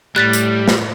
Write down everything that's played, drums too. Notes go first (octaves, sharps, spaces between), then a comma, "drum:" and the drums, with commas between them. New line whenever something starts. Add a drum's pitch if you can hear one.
A2 G3 F#6 A6 B6
drum: tambourine
drum: snare